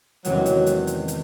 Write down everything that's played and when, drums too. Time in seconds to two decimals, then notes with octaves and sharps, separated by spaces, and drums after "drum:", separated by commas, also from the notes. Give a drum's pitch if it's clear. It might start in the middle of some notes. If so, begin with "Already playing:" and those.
0.25 E2 C3 D#3 F#3 G#3 C#4, drum: hi-hat
0.46 drum: hi-hat
0.66 drum: hi-hat
0.87 drum: hi-hat
1.08 drum: hi-hat